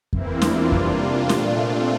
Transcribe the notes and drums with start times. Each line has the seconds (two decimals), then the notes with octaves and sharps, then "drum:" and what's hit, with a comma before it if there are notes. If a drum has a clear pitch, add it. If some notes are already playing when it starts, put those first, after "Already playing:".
0.13 E2 E3 A#3 C4 E4, drum: kick F2
0.42 D4 F4, drum: snare
0.72 C3 G3 A#3, drum: kick F2
1.01 D4 F4
1.29 A#2 A3, drum: snare
1.59 C4